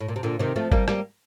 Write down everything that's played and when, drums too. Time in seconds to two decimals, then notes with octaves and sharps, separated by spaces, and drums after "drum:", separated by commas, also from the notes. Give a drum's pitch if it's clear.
0.01 A2
0.08 A#2
0.16 C3
0.23 A#2 D3
0.39 C3 D#3
0.56 F3 A3
0.72 G3 A#3, drum: kick G1
0.88 G3 A#3, drum: rim click